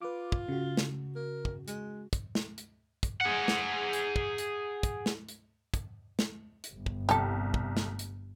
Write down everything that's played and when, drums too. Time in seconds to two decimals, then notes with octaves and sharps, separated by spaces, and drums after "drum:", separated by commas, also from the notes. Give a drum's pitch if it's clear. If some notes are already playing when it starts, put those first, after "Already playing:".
0.01 F4 B4 D6
0.32 drum: kick
0.48 C#3 F#4
0.77 drum: snare
1.16 A#4
1.45 drum: kick
1.68 G#3, drum: hi-hat
2.13 drum: kick, hi-hat
2.35 drum: snare
2.58 drum: hi-hat
3.03 drum: kick, hi-hat
3.21 G#4 F#5
3.48 drum: snare
3.93 drum: hi-hat
4.16 drum: kick
4.38 drum: hi-hat
4.83 drum: kick, hi-hat
5.06 drum: snare
5.29 drum: hi-hat
5.74 drum: kick, hi-hat
6.19 drum: snare
6.64 drum: hi-hat
6.73 G1
6.86 drum: kick
7.09 C2 G4 A4, drum: hi-hat
7.54 drum: kick
7.77 drum: snare
7.99 drum: hi-hat